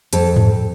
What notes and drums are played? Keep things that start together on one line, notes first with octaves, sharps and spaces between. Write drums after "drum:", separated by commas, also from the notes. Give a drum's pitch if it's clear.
F2 A4, drum: hi-hat
drum: tom G#2